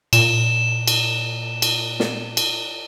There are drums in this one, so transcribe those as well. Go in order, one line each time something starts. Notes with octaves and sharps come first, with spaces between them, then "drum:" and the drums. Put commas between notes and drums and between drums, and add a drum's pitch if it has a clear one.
A#2 E7, drum: cymbal
drum: cymbal
drum: cymbal
drum: snare
drum: cymbal